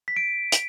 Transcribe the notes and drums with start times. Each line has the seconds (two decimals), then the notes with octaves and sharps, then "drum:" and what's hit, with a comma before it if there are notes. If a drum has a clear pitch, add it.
0.08 B6
0.16 D7
0.52 drum: hi-hat